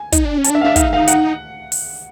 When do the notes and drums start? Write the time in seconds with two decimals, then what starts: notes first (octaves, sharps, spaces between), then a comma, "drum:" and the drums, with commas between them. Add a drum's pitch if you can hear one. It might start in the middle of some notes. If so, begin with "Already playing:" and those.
Already playing: G#5
0.12 D#4, drum: kick, hi-hat
0.25 D4
0.38 C#4
0.44 A5, drum: hi-hat
0.50 D4 E5
0.61 F5
0.64 D4 E5
0.76 D#4 F5, drum: kick, hi-hat
0.93 F5
1.08 F#5, drum: hi-hat
1.72 drum: open hi-hat